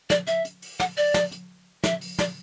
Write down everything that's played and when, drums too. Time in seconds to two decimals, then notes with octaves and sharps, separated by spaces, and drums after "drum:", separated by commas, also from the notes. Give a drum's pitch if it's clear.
0.10 D5, drum: snare
0.27 E5, drum: hi-hat
0.45 drum: hi-hat
0.62 drum: open hi-hat
0.80 F#5, drum: snare
0.97 D5, drum: open hi-hat
1.14 drum: snare
1.32 drum: hi-hat
1.84 E5, drum: snare
2.01 drum: open hi-hat
2.19 D5, drum: snare